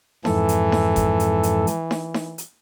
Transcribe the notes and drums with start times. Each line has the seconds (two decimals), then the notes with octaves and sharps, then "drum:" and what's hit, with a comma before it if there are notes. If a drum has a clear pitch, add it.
0.25 F2 G#2 E3 A4, drum: snare D#4
0.49 drum: hi-hat
0.72 drum: snare D#4
0.96 drum: kick G#1, hi-hat
1.20 drum: hi-hat
1.43 drum: hi-hat
1.67 drum: hi-hat
1.91 drum: snare D#4
2.14 drum: snare D#4
2.38 drum: hi-hat